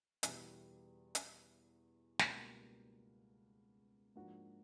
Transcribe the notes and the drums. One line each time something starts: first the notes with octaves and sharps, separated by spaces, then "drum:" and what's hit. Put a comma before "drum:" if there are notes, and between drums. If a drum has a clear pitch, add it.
E2 B2 G3 B3 E4, drum: hi-hat
drum: hi-hat
C#2 B2 G3 A#3, drum: snare
G#2 F3 A#3 D4 F#4